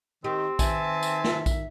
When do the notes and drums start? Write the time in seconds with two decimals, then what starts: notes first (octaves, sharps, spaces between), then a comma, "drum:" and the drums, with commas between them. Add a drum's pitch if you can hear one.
0.24 D#3 C4 G4
0.59 D#3 B4 E5 G#5 A5, drum: kick A#1, tambourine
1.03 drum: tambourine
1.24 drum: snare
1.46 drum: kick A#1, tambourine